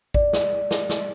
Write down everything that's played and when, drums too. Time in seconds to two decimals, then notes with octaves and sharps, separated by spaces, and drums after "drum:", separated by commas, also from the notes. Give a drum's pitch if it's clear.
0.14 D5, drum: kick A1
0.33 drum: snare
0.71 drum: snare
0.89 drum: snare